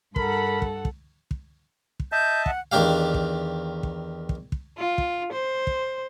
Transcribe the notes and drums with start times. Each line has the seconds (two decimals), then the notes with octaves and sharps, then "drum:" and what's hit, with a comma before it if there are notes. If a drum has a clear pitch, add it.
0.16 G2 A4 A#4 F#5 B5, drum: kick
0.62 drum: kick
0.85 drum: kick
1.31 drum: kick
2.00 drum: kick
2.12 D#5 E5 A5 G6
2.46 F#5, drum: kick
2.72 E2 D#3 D4 G4 F5
3.14 drum: kick
3.83 drum: kick
4.29 drum: kick
4.52 drum: kick
4.78 F4
4.98 drum: kick
5.33 C5
5.67 drum: kick